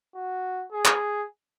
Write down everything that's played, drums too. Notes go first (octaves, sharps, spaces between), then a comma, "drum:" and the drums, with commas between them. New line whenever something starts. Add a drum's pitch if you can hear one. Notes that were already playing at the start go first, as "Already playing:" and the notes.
F#4
G#4
drum: clap